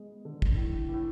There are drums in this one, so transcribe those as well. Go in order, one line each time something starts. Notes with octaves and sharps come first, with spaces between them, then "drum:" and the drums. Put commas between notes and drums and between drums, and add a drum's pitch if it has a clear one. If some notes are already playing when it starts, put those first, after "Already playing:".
Already playing: G#3 B3
D3
drum: kick
A2 E3
A2 E3